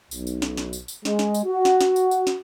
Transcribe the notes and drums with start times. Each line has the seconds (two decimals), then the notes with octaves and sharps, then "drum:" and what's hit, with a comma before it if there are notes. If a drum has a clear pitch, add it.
0.11 B1, drum: tambourine
0.27 drum: tambourine
0.42 drum: snare
0.57 drum: snare
0.73 drum: tambourine
0.88 drum: tambourine
1.05 G#3, drum: snare
1.19 drum: snare
1.34 drum: tambourine
1.45 F#4
1.65 drum: snare
1.81 drum: snare
1.96 drum: tambourine
2.11 drum: tambourine
2.27 drum: snare